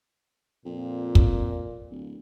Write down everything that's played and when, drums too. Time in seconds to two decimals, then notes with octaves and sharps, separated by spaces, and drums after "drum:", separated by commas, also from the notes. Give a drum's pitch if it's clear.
0.65 F2 A#2
1.15 drum: kick
1.90 D1